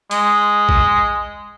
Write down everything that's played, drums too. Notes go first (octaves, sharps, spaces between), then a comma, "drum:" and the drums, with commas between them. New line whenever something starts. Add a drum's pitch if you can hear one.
G#3, drum: hi-hat
drum: kick